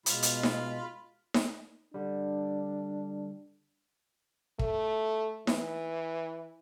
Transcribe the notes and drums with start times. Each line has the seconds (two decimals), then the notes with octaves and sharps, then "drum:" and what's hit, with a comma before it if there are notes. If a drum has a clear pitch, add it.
0.06 B2 G#3 F4 B5, drum: hi-hat
0.23 drum: hi-hat
0.43 drum: snare D#4
1.34 drum: snare D#4
1.94 D3 G3 D4
4.59 A3, drum: kick
5.47 E3, drum: snare D#4